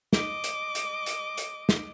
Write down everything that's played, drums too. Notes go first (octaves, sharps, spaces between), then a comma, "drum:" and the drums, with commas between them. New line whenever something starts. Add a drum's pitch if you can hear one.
D#5 D6, drum: snare
drum: hi-hat
drum: hi-hat
drum: hi-hat
drum: hi-hat
drum: snare